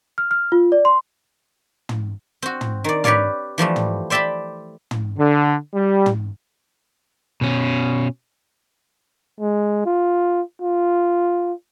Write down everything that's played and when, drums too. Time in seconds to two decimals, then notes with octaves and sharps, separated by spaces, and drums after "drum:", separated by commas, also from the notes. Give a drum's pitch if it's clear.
0.18 F6
0.31 F6
0.52 F4
0.72 D5
0.85 C6
1.89 drum: tom
2.42 C4 F#4
2.61 drum: tom
2.84 D#3 D5
3.04 G4 B4 C#5 D5 F5, drum: tom
3.58 E3 F3 G3 A3
3.76 drum: tom
4.10 C5 D5 E5 G5 A5 B5
4.91 drum: tom
5.18 D3
5.74 G3
6.06 drum: tom
7.41 B2 C#4
9.40 G#3
9.86 F4
10.62 F4